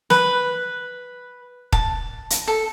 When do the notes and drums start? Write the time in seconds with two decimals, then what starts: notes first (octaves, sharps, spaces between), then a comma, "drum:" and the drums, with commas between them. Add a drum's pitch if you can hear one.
0.10 B4, drum: snare
1.72 A5, drum: kick
2.30 drum: hi-hat
2.47 A4